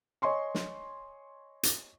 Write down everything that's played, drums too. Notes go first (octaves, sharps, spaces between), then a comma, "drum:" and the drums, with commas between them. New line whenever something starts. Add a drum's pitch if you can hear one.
C#5 D#5 G#5 C6 C#6
drum: snare
drum: hi-hat